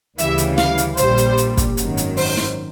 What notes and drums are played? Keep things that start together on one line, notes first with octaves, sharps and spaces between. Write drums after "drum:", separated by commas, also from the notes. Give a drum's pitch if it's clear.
D2 C#3 E3 G3 E5, drum: hi-hat
drum: hi-hat
F5, drum: snare
drum: hi-hat
A#1 A#2 G3 C5, drum: hi-hat
drum: hi-hat
drum: hi-hat
drum: kick, hi-hat
G#1 F#2 D#3 F#3, drum: hi-hat
drum: hi-hat
C5, drum: open hi-hat
drum: snare